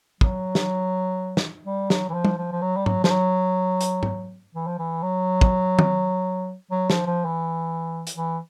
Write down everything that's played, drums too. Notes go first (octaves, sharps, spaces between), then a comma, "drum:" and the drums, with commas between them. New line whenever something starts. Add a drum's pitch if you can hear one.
F#3, drum: kick
drum: snare
drum: snare
G3
F#3, drum: snare
E3
F3
drum: tom
F3
F3
F#3
G3
F#3, drum: tom
F3, drum: snare
F#3
drum: hi-hat
drum: tom
E3
F3
E3
F#3
drum: kick
drum: tom
F#3
F3, drum: snare
F3
E3
drum: hi-hat
E3